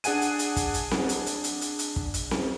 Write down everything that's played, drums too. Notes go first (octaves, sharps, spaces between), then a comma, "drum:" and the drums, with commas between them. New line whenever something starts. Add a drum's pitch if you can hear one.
D4 G#4 F#5 G#5 D#7, drum: hi-hat
drum: hi-hat
drum: hi-hat
drum: kick, hi-hat
drum: hi-hat
drum: snare C4
drum: hi-hat
drum: hi-hat
drum: hi-hat
drum: hi-hat
drum: hi-hat
drum: kick
drum: hi-hat
drum: snare C4